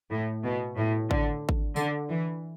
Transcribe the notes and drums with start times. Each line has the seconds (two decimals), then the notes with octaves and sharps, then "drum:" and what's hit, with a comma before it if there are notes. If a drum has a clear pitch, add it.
0.11 A2
0.44 B2
0.77 A2
1.11 D3, drum: kick G#1
1.49 drum: kick G#1
1.76 D3, drum: tambourine
2.09 E3